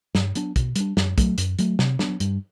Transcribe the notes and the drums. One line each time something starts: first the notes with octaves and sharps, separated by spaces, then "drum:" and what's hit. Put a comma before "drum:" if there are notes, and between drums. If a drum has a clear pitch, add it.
G2, drum: snare
F#3 B3 D4, drum: hi-hat
B2, drum: kick, hi-hat
G3 D4, drum: hi-hat
F#2, drum: snare
F#3 A3, drum: kick, hi-hat
F#2, drum: hi-hat
F#3 A3, drum: hi-hat
C3, drum: snare
F#3 B3 D4, drum: snare
G2, drum: hi-hat